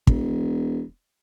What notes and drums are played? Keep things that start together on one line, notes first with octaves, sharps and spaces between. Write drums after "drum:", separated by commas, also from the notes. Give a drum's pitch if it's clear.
E1, drum: kick